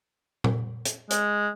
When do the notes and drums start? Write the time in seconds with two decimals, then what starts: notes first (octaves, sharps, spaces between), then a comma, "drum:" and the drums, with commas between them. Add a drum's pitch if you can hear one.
0.44 drum: tom A#2
0.85 drum: hi-hat
1.11 G#3, drum: hi-hat